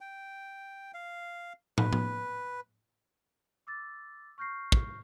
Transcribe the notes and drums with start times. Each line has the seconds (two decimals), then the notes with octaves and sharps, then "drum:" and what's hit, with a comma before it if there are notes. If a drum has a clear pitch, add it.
0.01 G5
0.94 F5
1.78 B4, drum: tom
1.93 drum: tom
3.67 D6 E6 A6
4.38 C#6 F6 G6 A#6 C7
4.72 drum: kick